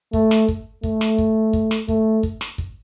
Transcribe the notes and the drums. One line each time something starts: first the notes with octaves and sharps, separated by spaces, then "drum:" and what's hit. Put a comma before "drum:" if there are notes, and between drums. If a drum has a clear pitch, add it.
A3, drum: kick
drum: snare
drum: kick
A3, drum: kick
drum: snare
drum: kick
drum: kick
drum: snare
A3, drum: kick
drum: kick
drum: snare
drum: kick